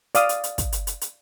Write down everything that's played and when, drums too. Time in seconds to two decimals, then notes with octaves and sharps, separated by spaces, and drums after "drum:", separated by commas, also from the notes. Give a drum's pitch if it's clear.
0.15 D5 F5 D#6, drum: hi-hat
0.29 drum: hi-hat
0.44 drum: hi-hat
0.58 drum: kick, hi-hat
0.72 drum: hi-hat
0.87 drum: hi-hat
1.01 drum: hi-hat